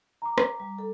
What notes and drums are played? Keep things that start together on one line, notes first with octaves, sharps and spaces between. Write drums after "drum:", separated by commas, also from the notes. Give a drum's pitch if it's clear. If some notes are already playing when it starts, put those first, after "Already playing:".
A#5 D6
drum: rim click
G3
A4